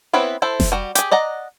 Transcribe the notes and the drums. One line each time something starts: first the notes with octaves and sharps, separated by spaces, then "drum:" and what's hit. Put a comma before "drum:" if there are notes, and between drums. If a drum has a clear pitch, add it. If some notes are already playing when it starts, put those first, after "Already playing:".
B3 C4 E4 B4 C#5
E4 A4 C5
drum: snare F1
G3 F#4
G4 G#4, drum: hi-hat
D5 D#5 F#5 A#5